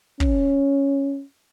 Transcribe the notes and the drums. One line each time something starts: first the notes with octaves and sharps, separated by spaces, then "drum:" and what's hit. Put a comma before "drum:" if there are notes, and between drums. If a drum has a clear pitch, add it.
C#4, drum: kick